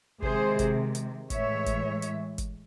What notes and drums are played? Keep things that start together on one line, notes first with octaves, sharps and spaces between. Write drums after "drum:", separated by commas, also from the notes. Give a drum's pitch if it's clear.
C3 D#3 G#3 G#4 C5, drum: kick G1
drum: kick G1, hi-hat
drum: hi-hat
A2 E3 G#3 C#5 E5, drum: kick G1, hi-hat
drum: kick G1, hi-hat
drum: hi-hat
drum: kick G1, hi-hat